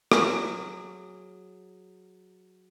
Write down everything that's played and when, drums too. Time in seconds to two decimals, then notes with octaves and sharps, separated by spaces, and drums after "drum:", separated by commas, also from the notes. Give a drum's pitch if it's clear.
0.12 F#3 G#4, drum: rim click